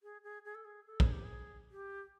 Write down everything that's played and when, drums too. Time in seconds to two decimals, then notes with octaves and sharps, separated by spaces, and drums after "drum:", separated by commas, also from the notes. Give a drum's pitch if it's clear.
0.03 G#4
0.24 G#4
0.45 G#4
0.55 A4
0.65 G#4
0.86 A4
1.00 G#4, drum: kick
1.12 G4
1.24 G#4
1.71 G4